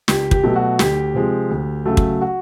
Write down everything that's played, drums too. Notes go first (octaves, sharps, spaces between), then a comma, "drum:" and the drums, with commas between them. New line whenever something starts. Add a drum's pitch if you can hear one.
C#2 G4, drum: snare
G4, drum: kick
B2 F#3 A3
F#4
D2 G4, drum: snare
C3 F3 G#3
D2
C#3 F#3 A3
drum: kick
F#4